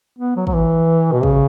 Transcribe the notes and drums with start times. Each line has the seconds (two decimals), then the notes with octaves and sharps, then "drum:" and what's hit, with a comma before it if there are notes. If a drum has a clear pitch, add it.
0.19 B3
0.36 F#3
0.47 F#3, drum: kick
0.54 E3
1.12 B2
1.23 C#3, drum: kick